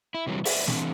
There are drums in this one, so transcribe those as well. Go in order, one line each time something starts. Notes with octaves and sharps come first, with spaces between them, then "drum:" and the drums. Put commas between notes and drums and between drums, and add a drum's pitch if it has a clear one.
E4
C3 E3 F#3 G3
B4 C5 D5 E5, drum: open hi-hat
E3 A3 C4 D4, drum: snare